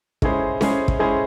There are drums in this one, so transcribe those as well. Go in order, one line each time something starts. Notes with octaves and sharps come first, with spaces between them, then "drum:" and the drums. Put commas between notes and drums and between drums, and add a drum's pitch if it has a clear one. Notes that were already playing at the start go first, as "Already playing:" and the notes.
G#3 C#4 E4 G#4 C5, drum: kick
G#3 C#4 E4 G#4 C5, drum: snare C#4
drum: kick
G#3 C#4 E4 G#4 C5